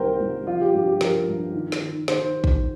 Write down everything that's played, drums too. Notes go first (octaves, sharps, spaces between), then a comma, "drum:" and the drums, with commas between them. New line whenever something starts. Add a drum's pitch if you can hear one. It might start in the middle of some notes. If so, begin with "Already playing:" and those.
Already playing: C2 D#3 A#4 C5 G5
C2
F3 F4
G4
G2 G4
G4
F3 A#4, drum: snare
G2
D#3
drum: snare
D#3
D#3 C5, drum: snare
drum: kick